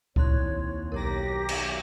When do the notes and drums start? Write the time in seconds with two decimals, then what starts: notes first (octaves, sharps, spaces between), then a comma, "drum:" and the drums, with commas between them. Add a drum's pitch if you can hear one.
0.16 D#2 C4 E4 C#5 C6 F#6, drum: kick C2
0.92 B1 G4 A#4 C#5 A#5 D6 A#6
1.49 drum: cymbal